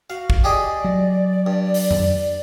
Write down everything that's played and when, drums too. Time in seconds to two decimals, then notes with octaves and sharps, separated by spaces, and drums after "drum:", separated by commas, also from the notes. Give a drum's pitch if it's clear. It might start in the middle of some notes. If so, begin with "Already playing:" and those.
0.10 F#4 F5
0.30 drum: kick
0.44 G4 G#4 D5 D#5
0.85 F#3
1.46 G2
1.74 drum: open hi-hat
1.91 drum: tom F2